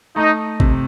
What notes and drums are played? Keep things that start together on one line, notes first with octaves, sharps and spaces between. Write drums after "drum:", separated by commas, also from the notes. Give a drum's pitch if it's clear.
A3 D#4
C3, drum: kick